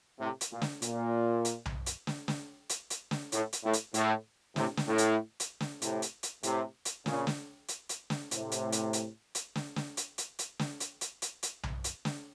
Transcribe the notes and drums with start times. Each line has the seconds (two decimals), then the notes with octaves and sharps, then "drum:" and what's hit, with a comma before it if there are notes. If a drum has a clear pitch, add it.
0.19 A2 C3
0.41 drum: hi-hat
0.52 A#2
0.62 drum: snare
0.82 A#2, drum: hi-hat
1.45 drum: hi-hat
1.65 drum: tom B1
1.86 drum: hi-hat
2.07 drum: snare
2.28 drum: snare
2.69 drum: hi-hat
2.90 drum: hi-hat
3.11 drum: snare
3.32 A2, drum: hi-hat
3.53 drum: hi-hat
3.64 A2
3.73 drum: hi-hat
3.94 A2, drum: hi-hat
4.56 A2 C3, drum: snare
4.77 drum: snare
4.87 A2
4.98 drum: hi-hat
5.40 drum: hi-hat
5.60 drum: snare
5.82 A2 C3, drum: hi-hat
6.02 drum: hi-hat
6.23 drum: hi-hat
6.43 A2 C3, drum: hi-hat
6.85 drum: hi-hat
7.06 A#2 C#3, drum: snare
7.27 drum: snare
7.68 drum: hi-hat
7.89 drum: hi-hat
8.10 drum: snare
8.31 A2 C3, drum: hi-hat
8.52 drum: hi-hat
8.72 drum: hi-hat
8.93 drum: hi-hat
9.35 drum: hi-hat
9.55 drum: snare
9.76 drum: snare
9.97 drum: hi-hat
10.18 drum: hi-hat
10.39 drum: hi-hat
10.59 drum: snare
10.80 drum: hi-hat
11.01 drum: hi-hat
11.22 drum: hi-hat
11.43 drum: hi-hat
11.63 drum: tom B1
11.84 drum: hi-hat
12.05 drum: snare